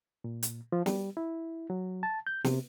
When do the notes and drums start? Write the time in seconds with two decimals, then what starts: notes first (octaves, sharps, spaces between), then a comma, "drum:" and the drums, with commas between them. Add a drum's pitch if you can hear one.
0.24 A#2
0.43 drum: hi-hat
0.72 F3
0.86 G3, drum: snare
1.17 E4
1.70 F#3
2.03 A5
2.27 G6
2.44 C3, drum: snare